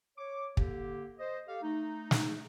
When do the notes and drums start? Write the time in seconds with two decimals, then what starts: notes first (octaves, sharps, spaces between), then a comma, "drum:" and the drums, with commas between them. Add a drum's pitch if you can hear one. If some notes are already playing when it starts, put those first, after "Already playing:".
0.18 C#5 D6
0.57 D3 A#3 G4, drum: kick
1.19 C5 D#5
1.48 G4 A4 F5
1.63 A3 D#4
2.11 drum: snare